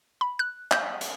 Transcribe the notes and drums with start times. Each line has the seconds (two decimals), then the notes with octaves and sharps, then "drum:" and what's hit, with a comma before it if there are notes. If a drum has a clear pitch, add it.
0.21 B5
0.39 F#6
0.71 G6, drum: clap
1.01 drum: hi-hat